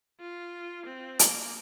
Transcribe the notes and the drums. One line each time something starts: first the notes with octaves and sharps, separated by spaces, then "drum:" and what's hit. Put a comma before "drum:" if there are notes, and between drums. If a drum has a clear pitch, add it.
F4
C4
A#3, drum: hi-hat